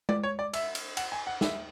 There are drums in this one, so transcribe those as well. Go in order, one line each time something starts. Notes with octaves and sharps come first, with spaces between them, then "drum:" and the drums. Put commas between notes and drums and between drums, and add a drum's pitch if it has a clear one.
D5, drum: tom G#3
C#5
D5
E5, drum: cymbal
drum: cymbal
F#5, drum: cymbal
G#5
F#5
E5, drum: snare